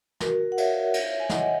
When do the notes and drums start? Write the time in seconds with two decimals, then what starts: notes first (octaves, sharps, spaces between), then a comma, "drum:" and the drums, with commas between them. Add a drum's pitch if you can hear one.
0.20 F#4 A#4, drum: snare
0.52 F#5
0.58 C#5 E5, drum: cymbal
0.94 drum: cymbal
1.20 G#5
1.29 D#5 F#5, drum: snare